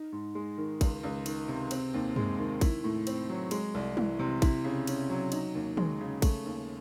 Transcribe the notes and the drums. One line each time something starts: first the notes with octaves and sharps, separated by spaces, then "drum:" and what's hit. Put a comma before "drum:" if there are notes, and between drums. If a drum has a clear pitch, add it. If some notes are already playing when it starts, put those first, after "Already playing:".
Already playing: D#4
G#2
G#3
D#3
C#2, drum: kick A1, cymbal
C#2
D#3, drum: cymbal
C3
C4, drum: cymbal
D#2
G#3, drum: tom
D#3
E4, drum: kick A1, cymbal
A2
C4, drum: cymbal
F#3
G#3, drum: cymbal
C2
E3, drum: tom
C3
E4, drum: kick A1, cymbal
C#3
C#4, drum: cymbal
F#3
D#4, drum: cymbal
D#2
G#3, drum: tom
C#3
A3, drum: kick A1, cymbal
D#2